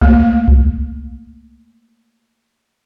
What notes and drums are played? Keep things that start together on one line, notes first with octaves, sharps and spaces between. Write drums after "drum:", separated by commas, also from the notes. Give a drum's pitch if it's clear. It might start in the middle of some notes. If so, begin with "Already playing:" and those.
A3 A#3, drum: kick C2
drum: kick C2